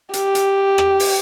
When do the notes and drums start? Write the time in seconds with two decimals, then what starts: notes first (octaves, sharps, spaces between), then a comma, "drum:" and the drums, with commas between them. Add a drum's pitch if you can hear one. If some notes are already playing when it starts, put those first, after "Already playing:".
0.13 G4, drum: hi-hat
0.35 drum: hi-hat
0.78 drum: rim click
1.00 drum: open hi-hat